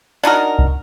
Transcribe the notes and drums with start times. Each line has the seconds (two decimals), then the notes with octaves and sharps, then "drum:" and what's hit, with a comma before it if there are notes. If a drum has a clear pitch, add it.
0.23 D4 D#4 F#4 A#4
0.59 drum: kick C2